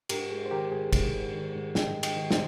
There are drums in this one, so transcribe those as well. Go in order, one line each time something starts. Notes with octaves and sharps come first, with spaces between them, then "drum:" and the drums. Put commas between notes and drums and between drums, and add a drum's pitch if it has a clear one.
G#2 G4 A#4, drum: cymbal
G#3 G#4
C5
D#3 G4 A#4
G#2 G#4
G#2, drum: kick, cymbal
G#3
D#3
G#2
G#2 D#5 G5, drum: snare
G#3
D#5 G5, drum: cymbal
D#3
C5 D#5, drum: snare